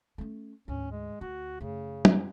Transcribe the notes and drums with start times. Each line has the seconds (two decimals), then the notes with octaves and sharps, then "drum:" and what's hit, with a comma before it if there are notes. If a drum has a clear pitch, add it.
0.18 A3 C#4
0.68 D2 G#2 C#4
0.91 G#3
1.21 D2 F#4
1.61 F#2 C#3 A3
2.05 drum: tom